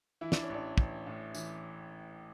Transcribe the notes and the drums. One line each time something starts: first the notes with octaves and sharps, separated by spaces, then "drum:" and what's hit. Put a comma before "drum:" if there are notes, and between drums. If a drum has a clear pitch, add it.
E3 E4
D4, drum: snare
C#4
A1 D4
A1, drum: kick
A2
E3, drum: tambourine